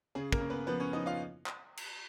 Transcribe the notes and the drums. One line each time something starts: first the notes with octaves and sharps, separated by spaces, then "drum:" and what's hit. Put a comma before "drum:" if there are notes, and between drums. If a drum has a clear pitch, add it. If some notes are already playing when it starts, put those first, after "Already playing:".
C#3 G#4
A#3 A#4, drum: kick
C#3
B3 B4
F3 B3 B4
C#4 C#5
F3 D#4 D#5
F4 F5
drum: clap
drum: cymbal